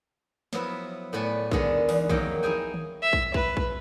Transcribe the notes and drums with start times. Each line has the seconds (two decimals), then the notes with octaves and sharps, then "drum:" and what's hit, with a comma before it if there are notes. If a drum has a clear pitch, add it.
0.53 F3 F#3 B3 E4 B4, drum: snare
1.13 A2 B3 B4 D5 G#5 A5
1.51 D3 D#3 G#3 B3 D4, drum: kick
1.89 E2, drum: open hi-hat
2.10 F2 D#3 F#3 A#3 G5, drum: kick
2.43 D#4 E4 G#4 G5 G#5
2.74 drum: tom D#3
3.02 E5
3.13 drum: kick
3.34 B4, drum: kick
3.57 drum: kick